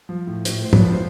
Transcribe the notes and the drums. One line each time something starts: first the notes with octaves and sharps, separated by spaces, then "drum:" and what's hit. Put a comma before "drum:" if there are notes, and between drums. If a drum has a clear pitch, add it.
F3
A2
A2, drum: hi-hat
A2 C5
B4 C#5, drum: tom
F3
C5